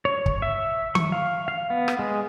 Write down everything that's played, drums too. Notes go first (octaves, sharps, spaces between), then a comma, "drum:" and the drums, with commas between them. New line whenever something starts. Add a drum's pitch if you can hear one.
C#5
drum: kick
E5
C#6, drum: tom D#3
F5
F5
B3
drum: rim click
G#3